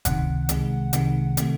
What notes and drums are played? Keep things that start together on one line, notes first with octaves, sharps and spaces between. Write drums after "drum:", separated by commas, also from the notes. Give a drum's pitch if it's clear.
C#2 C3 D#3 F#5, drum: kick, hi-hat
C2 C3 D#3 G#3, drum: hi-hat
C2 C3 D#3 G#3, drum: hi-hat
C3 D#3 A3, drum: hi-hat